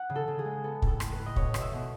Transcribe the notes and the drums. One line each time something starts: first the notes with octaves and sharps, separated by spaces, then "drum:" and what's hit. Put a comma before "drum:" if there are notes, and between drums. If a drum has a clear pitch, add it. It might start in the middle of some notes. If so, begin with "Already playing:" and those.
Already playing: F#5
C#3
A4
C#3
G#4
G#3
B3 A4
A2, drum: kick
A4
A2, drum: rim click
B4
A2
D#5
B2 C#5, drum: kick
B2, drum: rim click
E5
B2